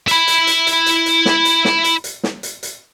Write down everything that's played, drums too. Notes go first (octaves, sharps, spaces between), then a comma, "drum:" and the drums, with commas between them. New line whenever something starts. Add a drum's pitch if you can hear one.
E4 B5, drum: hi-hat
drum: hi-hat
drum: hi-hat
drum: hi-hat
drum: hi-hat
drum: hi-hat
drum: snare
drum: hi-hat
drum: snare
drum: hi-hat
drum: hi-hat
drum: snare
drum: hi-hat
drum: hi-hat